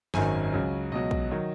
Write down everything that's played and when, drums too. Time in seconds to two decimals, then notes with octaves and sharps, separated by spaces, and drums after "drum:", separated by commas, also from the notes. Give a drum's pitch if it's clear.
0.14 G#1 F#2 D#3 F#3 G#5, drum: snare
0.52 C#2 C#3 F#3
0.92 C#2 B2 F#3 D#5
1.11 drum: kick A#1
1.31 D#3 F#3